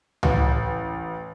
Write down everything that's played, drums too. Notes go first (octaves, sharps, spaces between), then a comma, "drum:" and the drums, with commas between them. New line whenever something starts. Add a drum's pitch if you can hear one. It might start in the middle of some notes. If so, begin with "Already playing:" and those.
A1, drum: tom C#2